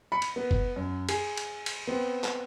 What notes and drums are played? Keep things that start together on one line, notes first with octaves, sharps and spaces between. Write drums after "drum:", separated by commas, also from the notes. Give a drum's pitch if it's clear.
B5 C#7
drum: cymbal
B3
drum: kick F#1
F#2
G#4, drum: cymbal
drum: cymbal
drum: cymbal
B3 C4
drum: clap